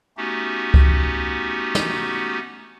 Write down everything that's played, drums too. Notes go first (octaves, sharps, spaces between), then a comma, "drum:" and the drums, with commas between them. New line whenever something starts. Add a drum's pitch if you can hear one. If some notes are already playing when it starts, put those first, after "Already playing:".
A3 B3 C#4 D#4 F#4 G4
drum: kick C#2
drum: snare